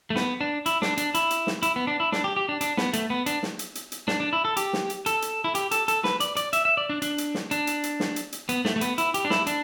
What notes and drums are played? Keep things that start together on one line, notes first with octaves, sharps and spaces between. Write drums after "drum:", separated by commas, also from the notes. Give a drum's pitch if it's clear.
A3
B3, drum: snare
D4
E4, drum: hi-hat
D4, drum: snare
D4, drum: hi-hat
E4, drum: hi-hat
drum: hi-hat
drum: snare
E4, drum: hi-hat
B3
D4
E4
D4, drum: snare
G4
G4
D4
D4, drum: hi-hat
B3, drum: snare
A3, drum: hi-hat
B3
D4, drum: hi-hat
drum: snare
drum: hi-hat
drum: hi-hat
drum: hi-hat
D4, drum: snare
D4
E4
A4
G4, drum: hi-hat
drum: snare
drum: hi-hat
A4, drum: hi-hat
drum: hi-hat
E4
G4, drum: hi-hat
A4, drum: hi-hat
A4, drum: hi-hat
B4, drum: snare
D5, drum: hi-hat
D5, drum: hi-hat
E5, drum: hi-hat
E5
D5
D4
D4, drum: hi-hat
drum: hi-hat
drum: snare
D4, drum: hi-hat
drum: hi-hat
drum: hi-hat
drum: snare
drum: hi-hat
drum: hi-hat
B3, drum: hi-hat
A3, drum: snare
A3
B3, drum: hi-hat
E4, drum: hi-hat
G4, drum: hi-hat
D4
E4, drum: snare
D4, drum: hi-hat